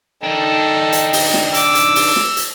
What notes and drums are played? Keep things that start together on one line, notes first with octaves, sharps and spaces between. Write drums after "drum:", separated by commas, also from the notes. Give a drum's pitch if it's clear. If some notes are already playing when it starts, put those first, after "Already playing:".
D#3 D4 D#4 A4 G5
drum: hi-hat
drum: open hi-hat
drum: snare
D6 E6, drum: hi-hat
drum: hi-hat
drum: open hi-hat
drum: snare
drum: hi-hat